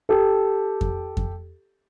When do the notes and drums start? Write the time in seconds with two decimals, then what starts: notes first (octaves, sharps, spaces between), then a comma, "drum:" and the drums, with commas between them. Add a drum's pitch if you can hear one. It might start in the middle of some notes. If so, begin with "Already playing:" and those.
0.09 G4 A4
0.81 drum: kick F2
1.17 drum: kick F2